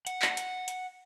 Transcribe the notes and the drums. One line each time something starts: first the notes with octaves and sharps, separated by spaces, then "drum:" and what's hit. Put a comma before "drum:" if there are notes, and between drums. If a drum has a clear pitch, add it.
F#5, drum: hi-hat
drum: clap
drum: hi-hat
drum: hi-hat